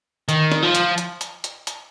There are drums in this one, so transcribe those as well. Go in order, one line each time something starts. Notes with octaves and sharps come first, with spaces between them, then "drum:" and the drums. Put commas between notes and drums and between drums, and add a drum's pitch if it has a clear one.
D#3, drum: hi-hat
drum: snare
F3
drum: hi-hat
drum: hi-hat
drum: hi-hat
drum: hi-hat
drum: hi-hat